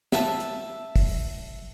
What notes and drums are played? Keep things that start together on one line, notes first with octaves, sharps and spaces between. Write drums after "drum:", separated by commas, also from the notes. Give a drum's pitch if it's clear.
E5 A5, drum: snare
drum: hi-hat
drum: kick, open hi-hat